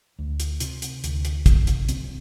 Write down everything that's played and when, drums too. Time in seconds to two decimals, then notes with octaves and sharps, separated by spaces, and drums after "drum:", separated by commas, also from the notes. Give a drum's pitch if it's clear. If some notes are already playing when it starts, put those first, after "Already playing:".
0.19 D2
0.40 drum: hi-hat
0.60 C3, drum: hi-hat
0.82 drum: hi-hat
1.04 D2, drum: hi-hat
1.25 drum: hi-hat
1.46 C3, drum: kick, hi-hat
1.67 drum: hi-hat
1.89 C2 C4, drum: hi-hat